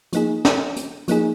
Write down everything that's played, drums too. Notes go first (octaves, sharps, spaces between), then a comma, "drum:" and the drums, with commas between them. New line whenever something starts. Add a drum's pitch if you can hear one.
F3 A#3 D#4 G#4, drum: hi-hat
drum: snare
drum: hi-hat
F3 A#3 D#4 G#4, drum: hi-hat